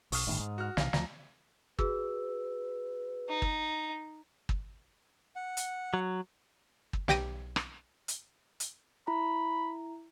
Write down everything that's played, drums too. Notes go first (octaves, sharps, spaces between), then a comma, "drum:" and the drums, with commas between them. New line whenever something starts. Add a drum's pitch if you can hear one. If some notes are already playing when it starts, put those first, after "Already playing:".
B1 C#6 D#6 F6, drum: open hi-hat
G1 A2 D#3
G#2
F#4 F6
B1 C3 E3 F5 A#6, drum: snare
D2 F3 A#5 A#6, drum: snare
F#4 G#4 B4 E6, drum: kick
D#4
drum: kick
drum: kick
F#5
drum: hi-hat
F#3
drum: kick
B1 G4 G5 A#6 D#7, drum: snare
drum: rim click
drum: hi-hat
drum: hi-hat
E4 A#5 B5